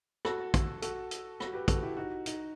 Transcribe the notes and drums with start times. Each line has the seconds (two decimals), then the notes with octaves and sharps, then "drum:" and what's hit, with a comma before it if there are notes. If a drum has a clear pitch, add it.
0.25 F#4 A4, drum: rim click
0.54 drum: kick, hi-hat
0.82 F#4 A4, drum: hi-hat
1.11 drum: hi-hat
1.40 F#4 A4, drum: rim click
1.53 G4 B4
1.68 F#4 A4, drum: kick, hi-hat
1.82 E4 G4
1.97 D#4 F#4
2.26 D#4, drum: hi-hat